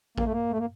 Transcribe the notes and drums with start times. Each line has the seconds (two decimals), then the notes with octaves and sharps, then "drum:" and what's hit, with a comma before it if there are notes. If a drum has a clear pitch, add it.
0.18 A#3, drum: kick A1
0.25 A3
0.31 A#3
0.51 A3
0.59 A#3